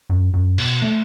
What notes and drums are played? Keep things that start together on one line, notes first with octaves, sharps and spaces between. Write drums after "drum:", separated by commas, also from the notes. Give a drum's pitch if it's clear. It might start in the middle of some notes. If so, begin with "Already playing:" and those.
F#2
F#2
B2, drum: cymbal
A3